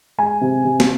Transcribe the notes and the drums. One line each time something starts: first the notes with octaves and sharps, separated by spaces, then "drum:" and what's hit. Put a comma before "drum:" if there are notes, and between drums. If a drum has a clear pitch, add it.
G#3 G#5
C3
C3
drum: snare